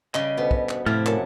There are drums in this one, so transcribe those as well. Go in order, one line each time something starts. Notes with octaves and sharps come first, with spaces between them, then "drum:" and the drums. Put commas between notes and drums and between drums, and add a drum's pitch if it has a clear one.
C#3 G3 D#5, drum: clap
D2 B2 B3
drum: kick
drum: clap
F2 A2 C3 E4 A5 F6
F#2 F#5 A5, drum: clap